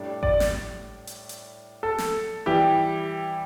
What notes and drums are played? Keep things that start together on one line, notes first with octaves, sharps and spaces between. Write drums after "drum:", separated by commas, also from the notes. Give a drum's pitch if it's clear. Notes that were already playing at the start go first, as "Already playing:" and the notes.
Already playing: A2 G3 D4
D5, drum: kick G#1
drum: snare
drum: hi-hat
drum: hi-hat
A4
drum: snare
E3 G3 E4 G4